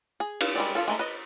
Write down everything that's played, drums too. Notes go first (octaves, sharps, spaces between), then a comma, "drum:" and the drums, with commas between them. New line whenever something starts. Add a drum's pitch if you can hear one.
G#4
F5, drum: cymbal
G3 G#3 D5
F3 F4 A4
G#3 A3 D#4
B4 D#5